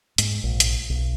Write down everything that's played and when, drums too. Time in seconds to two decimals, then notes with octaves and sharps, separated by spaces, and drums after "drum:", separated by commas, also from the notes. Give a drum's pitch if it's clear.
0.18 G#2, drum: hi-hat
0.44 A#1
0.60 drum: hi-hat
0.90 B1